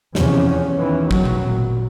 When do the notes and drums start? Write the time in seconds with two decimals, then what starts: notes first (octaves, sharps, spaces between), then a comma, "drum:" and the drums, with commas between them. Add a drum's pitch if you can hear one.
0.15 E2 C3 F3 C#4, drum: snare
0.78 D#3 E3 C#4
1.11 E2 F#3, drum: kick
1.25 drum: tom B2
1.45 A#2